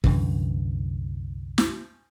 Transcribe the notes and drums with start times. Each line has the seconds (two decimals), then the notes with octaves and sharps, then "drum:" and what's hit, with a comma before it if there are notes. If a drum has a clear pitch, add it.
0.04 C2 F#2 D3 E3, drum: kick
1.58 drum: snare